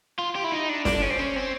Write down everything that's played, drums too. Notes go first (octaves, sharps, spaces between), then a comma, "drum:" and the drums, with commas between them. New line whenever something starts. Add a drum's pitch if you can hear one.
F4
G4
E4
D#4
D4
D4, drum: snare
C#4
C4
C#4
C4